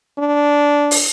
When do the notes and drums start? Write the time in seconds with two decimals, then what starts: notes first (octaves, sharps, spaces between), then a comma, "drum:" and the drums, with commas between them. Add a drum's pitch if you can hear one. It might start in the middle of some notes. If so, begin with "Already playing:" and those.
0.19 D4
0.91 drum: open hi-hat